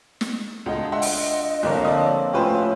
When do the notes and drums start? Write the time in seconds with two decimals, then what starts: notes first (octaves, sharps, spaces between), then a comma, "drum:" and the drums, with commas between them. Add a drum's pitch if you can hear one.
0.21 drum: snare
0.66 C#2 D3 F4 D#5
0.92 D#5 E5 F#5 C6
1.02 drum: open hi-hat
1.63 C2 D3 F3 A#3 A#4 C#5
1.85 C4 A4 D5 D#6
2.33 A2 C#4 F4 G4 B4 C5